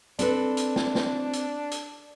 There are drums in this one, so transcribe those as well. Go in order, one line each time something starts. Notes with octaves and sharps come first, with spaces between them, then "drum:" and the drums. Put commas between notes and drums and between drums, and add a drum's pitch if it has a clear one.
C4 D4 A4 B4, drum: hi-hat
drum: hi-hat
drum: snare
drum: snare
drum: hi-hat
drum: hi-hat